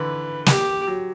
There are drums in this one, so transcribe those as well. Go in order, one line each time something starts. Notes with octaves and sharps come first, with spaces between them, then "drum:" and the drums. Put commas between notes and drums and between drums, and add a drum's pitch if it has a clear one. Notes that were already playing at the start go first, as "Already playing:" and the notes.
Already playing: D3 E3 B4
G4, drum: snare
F#3